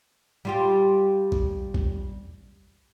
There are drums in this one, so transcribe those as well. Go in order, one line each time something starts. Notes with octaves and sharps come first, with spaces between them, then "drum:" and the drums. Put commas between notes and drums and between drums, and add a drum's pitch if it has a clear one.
G3 F4 G4
drum: kick A1
drum: kick A1